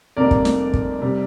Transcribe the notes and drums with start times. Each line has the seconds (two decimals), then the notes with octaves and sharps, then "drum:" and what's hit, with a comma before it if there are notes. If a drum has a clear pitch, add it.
0.17 F1 F2 C3 G3 A#3 A#4 D5
0.31 drum: kick
0.45 drum: snare
0.74 drum: kick
1.02 C3 G3